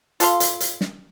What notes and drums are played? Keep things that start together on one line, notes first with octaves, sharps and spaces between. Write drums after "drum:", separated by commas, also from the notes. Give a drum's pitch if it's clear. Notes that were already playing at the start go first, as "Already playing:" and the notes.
F4 A4 F5 C6, drum: hi-hat
drum: hi-hat
drum: hi-hat
drum: snare